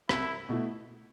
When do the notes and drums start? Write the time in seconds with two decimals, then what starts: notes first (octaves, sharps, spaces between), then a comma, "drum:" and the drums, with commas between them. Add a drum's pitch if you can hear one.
0.09 C2 E4, drum: rim click
0.49 B2 A3 E4